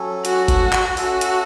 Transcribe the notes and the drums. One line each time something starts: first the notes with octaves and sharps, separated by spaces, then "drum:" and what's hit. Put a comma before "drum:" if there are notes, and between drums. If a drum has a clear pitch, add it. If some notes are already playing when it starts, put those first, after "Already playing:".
Already playing: F#3 C#4 A4
F#4, drum: hi-hat
drum: kick G1, hi-hat
drum: clap
C#4 F#4 A4 E5, drum: open hi-hat
drum: hi-hat